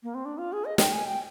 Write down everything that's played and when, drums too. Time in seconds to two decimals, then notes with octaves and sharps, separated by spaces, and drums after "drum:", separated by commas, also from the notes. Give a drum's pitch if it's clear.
0.03 A#3
0.15 C4
0.25 D4
0.38 F4
0.53 G#4
0.65 D#5
0.78 G5, drum: snare
0.93 G#5
1.06 G5